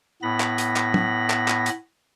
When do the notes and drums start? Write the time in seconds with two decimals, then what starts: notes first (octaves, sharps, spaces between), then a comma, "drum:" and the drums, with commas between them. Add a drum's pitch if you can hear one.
0.22 A2 B3 B5 A#6
0.40 drum: clap
0.58 drum: hi-hat
0.76 drum: clap
0.94 drum: tom
1.30 drum: clap
1.48 drum: clap
1.66 drum: hi-hat